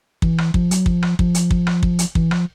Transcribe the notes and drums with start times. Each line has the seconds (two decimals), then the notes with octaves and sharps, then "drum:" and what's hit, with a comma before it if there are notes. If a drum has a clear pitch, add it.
0.22 E3, drum: kick
0.38 drum: rim click
0.54 F3, drum: kick
0.71 F#3, drum: hi-hat
0.86 F3, drum: kick
1.02 drum: rim click
1.19 F3, drum: kick
1.35 drum: hi-hat
1.51 drum: kick
1.67 drum: rim click
1.83 drum: kick
1.99 drum: hi-hat
2.15 E3, drum: kick
2.31 F3, drum: rim click